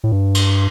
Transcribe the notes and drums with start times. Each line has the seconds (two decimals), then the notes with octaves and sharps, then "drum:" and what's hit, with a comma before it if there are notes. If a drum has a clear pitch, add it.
0.04 A2
0.12 G2
0.35 drum: cymbal